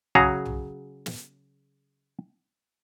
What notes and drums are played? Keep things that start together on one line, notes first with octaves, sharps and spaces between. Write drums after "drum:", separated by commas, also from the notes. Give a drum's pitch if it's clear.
C#3 F#3 F#4 G#4 A#5, drum: tom B1
drum: tom B1
drum: snare